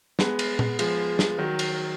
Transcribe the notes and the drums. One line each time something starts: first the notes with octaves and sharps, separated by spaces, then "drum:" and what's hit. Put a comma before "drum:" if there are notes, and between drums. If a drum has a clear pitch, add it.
G#3 B3, drum: snare
drum: cymbal
drum: tom A#2
F3 G#3, drum: cymbal
drum: snare
D#3 F#3
drum: cymbal